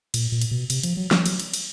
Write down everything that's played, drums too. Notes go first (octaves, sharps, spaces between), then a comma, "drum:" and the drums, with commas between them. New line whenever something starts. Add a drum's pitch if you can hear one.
A#2, drum: cymbal
A#2
drum: cymbal
B2
C3, drum: cymbal
F3, drum: cymbal
F#3
F3, drum: snare
F#3, drum: cymbal
drum: cymbal
drum: cymbal